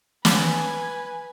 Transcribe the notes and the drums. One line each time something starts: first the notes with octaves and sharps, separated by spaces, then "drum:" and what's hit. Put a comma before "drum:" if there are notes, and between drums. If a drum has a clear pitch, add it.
B4 G#5, drum: snare